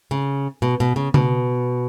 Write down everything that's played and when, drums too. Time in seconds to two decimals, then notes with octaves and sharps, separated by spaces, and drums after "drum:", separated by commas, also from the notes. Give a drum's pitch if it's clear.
0.11 C#3
0.62 B2
0.80 B2
0.96 C#3
1.14 B2, drum: tom